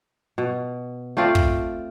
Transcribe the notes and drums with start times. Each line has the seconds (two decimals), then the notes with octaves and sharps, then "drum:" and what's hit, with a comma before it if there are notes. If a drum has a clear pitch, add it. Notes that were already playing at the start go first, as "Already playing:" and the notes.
0.38 B2
1.17 A3 C4 F4 D5
1.35 drum: kick